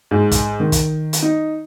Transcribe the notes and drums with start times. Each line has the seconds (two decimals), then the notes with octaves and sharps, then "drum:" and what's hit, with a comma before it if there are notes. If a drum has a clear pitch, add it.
0.11 G#2
0.31 drum: kick, hi-hat
0.60 D#3
0.72 drum: kick, hi-hat
1.13 drum: hi-hat
1.22 D#4